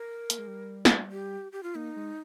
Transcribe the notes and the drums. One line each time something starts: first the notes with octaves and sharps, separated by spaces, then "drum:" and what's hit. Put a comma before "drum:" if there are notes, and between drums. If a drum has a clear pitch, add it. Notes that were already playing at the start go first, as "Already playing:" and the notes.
Already playing: A#4
A#3, drum: hi-hat
G#3
G3
drum: snare
G4
G4
F4
A#3 D#4
G#3